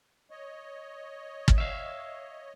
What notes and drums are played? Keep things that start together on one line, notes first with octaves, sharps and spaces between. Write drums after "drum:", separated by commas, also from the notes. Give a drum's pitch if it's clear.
C#5 D#5
drum: kick
E5 F5